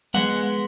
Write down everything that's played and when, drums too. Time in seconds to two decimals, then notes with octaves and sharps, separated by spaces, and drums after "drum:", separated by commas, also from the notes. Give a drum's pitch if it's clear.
0.14 F3 G#3 B3 F#5, drum: tom F#3